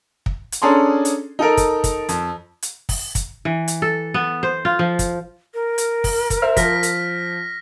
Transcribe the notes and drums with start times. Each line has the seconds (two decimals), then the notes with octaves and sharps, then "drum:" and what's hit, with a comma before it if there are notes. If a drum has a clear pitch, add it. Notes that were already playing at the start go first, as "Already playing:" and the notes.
0.26 drum: kick
0.52 drum: hi-hat
0.62 C#4 D4 G#4 A4 A#5 C6
1.05 drum: hi-hat
1.39 D#4 A4 A#4
1.57 drum: kick, hi-hat
1.84 drum: kick, hi-hat
2.09 F2, drum: hi-hat
2.62 drum: hi-hat
2.89 drum: kick, open hi-hat
3.15 drum: kick, hi-hat
3.45 E3
3.68 drum: hi-hat
3.82 A4
4.14 B3
4.43 C5
4.65 F4
4.79 F3
4.99 drum: kick, hi-hat
5.54 A#4
5.78 drum: hi-hat
6.04 drum: kick, open hi-hat
6.30 drum: kick, hi-hat
6.42 C5 E5 F6
6.57 F3 F6 A#6 B6, drum: kick, hi-hat
6.83 drum: hi-hat